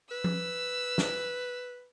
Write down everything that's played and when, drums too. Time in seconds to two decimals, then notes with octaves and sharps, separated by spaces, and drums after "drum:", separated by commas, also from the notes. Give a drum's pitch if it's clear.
0.11 B4 E6
0.24 drum: tom F3
0.98 drum: snare